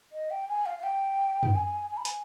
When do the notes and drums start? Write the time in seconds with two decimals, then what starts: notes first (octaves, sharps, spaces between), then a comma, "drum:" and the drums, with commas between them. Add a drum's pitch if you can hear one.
0.12 D#5
0.30 G5
0.49 G#5
0.66 F5
0.79 F5
0.83 G5
1.43 drum: tom F#2
1.55 G#5
1.90 G#5
1.97 B5
2.05 G#5, drum: hi-hat